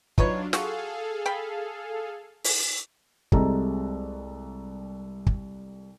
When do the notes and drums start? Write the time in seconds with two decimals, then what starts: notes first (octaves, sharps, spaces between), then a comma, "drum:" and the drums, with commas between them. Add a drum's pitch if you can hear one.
0.18 F#3 D4 D#4 F4 B4 C#5, drum: kick
0.53 F4 F#4 G#4 A4 F5, drum: snare
1.26 G5 B5
2.44 drum: open hi-hat
3.32 C2 C3 G#3 A4 A#5, drum: kick
5.27 drum: kick